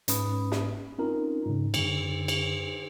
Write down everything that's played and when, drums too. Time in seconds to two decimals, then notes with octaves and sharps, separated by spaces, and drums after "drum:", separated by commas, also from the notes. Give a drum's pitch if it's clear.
0.08 G#2 C#4 B4 B5 D#6, drum: hi-hat
0.52 drum: snare
0.99 C4 C#4 D#4 F4 A#4 A#5
1.46 G#2 C#3
1.74 F#2 D3, drum: cymbal
2.28 drum: cymbal